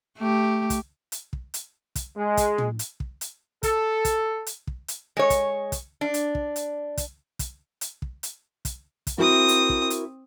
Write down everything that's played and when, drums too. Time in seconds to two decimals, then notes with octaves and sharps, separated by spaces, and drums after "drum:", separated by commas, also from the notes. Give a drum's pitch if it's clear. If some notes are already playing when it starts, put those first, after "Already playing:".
0.18 A3 G4
0.70 drum: kick, hi-hat
1.12 drum: hi-hat
1.33 drum: kick
1.54 drum: hi-hat
1.96 drum: kick, hi-hat
2.17 G#3
2.37 drum: kick, hi-hat
2.58 drum: tom
2.79 drum: hi-hat
3.00 drum: kick
3.21 drum: hi-hat
3.63 A4, drum: kick, hi-hat
4.05 drum: kick, hi-hat
4.46 drum: hi-hat
4.67 drum: kick
4.88 drum: hi-hat
5.17 G#3 C#5
5.30 drum: kick, hi-hat
5.72 drum: kick, hi-hat
6.01 D4
6.14 drum: hi-hat
6.35 drum: kick
6.56 drum: hi-hat
6.97 drum: kick, hi-hat
7.39 drum: kick, hi-hat
7.81 drum: hi-hat
8.02 drum: kick
8.23 drum: hi-hat
8.65 drum: kick, hi-hat
9.07 drum: kick, hi-hat
9.18 C4 E4 F#4 A#4 D#6
9.48 drum: hi-hat
9.69 drum: kick
9.90 drum: hi-hat